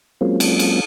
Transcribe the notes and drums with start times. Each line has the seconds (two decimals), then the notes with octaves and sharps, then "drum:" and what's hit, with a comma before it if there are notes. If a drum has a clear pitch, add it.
0.21 F#3 G#3 A#3 C4 C#4 F4
0.40 drum: cymbal
0.59 drum: cymbal